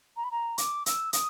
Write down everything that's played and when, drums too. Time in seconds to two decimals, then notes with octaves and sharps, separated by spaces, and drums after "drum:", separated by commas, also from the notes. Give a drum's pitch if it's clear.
0.17 A#5
0.24 B5
0.31 A#5
0.58 D6, drum: hi-hat
0.86 E6, drum: hi-hat
1.13 D#6, drum: hi-hat